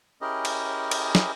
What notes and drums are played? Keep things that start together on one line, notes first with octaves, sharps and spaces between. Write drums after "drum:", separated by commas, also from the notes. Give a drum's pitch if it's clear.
C#4 E4 G4 G#4 A#4 D#5
drum: cymbal
drum: cymbal
drum: snare